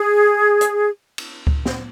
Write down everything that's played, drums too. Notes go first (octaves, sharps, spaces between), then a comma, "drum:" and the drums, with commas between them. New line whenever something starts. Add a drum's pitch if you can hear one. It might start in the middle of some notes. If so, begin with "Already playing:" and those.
Already playing: G#4
drum: hi-hat
drum: cymbal
drum: kick C#2
drum: snare